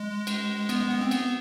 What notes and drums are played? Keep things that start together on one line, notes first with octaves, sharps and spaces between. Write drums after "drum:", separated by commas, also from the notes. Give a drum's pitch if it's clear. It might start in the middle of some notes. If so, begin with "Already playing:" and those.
Already playing: G#3
drum: cymbal
B3, drum: cymbal
G#3
B3
C4
B3, drum: cymbal